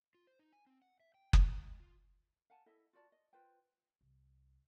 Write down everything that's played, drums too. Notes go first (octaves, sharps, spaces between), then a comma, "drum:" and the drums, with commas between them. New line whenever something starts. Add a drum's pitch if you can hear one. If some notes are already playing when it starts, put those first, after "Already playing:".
F4
C5
D#4
G#5
C4
F#5
E5
G5
G#4, drum: kick F#1
F3
G#3
F4
F5 F#5 G#5 A5
E4 A4 D#5 E5
F4 F#4 D5 A5
D#5
F4 B4 C5 G5
C2